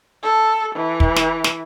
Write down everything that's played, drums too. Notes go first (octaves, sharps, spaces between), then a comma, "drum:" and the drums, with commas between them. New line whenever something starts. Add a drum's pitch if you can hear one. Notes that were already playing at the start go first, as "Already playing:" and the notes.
A4
E3
drum: kick
drum: snare
drum: snare